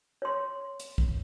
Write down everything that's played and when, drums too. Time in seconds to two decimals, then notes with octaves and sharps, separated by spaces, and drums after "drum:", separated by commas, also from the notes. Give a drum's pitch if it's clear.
0.22 C#5 C6
0.80 drum: hi-hat
0.98 drum: kick